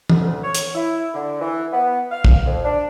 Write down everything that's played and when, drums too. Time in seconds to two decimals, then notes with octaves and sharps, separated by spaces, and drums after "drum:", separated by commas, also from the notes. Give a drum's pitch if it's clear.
0.10 drum: tom E3
0.21 D2
0.43 C#5
0.55 drum: hi-hat
0.75 E4
1.14 D3
1.41 E3
1.72 B3
2.12 F5
2.25 drum: kick
2.46 F2
2.64 D4